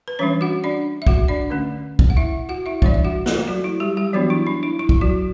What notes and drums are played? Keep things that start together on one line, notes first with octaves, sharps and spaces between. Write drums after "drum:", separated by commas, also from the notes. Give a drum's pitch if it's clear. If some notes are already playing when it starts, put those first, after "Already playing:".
B4
E3 G3 C#4 D4 C#5
F#4 F#5
D4 D5
E5
F#4 F#5, drum: kick
D4 D5
D3 A3 C#4
drum: kick
F#5
E4 E5
F#4 F#5
E4 E5
E3 G3 D4 D5, drum: kick
E5
F#4 F#5
A3 A4, drum: snare
F#3 F#4
E4
G3 G4
G3 G4
E3 F#3 B3 D4 F#4
E4
D4
E4
E4
drum: kick
F#3 F#4